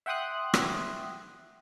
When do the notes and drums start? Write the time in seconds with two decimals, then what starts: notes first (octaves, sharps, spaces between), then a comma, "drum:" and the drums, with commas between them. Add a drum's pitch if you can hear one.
0.06 E5 F#5 G5 C6 D#6 F#6
0.54 drum: rim click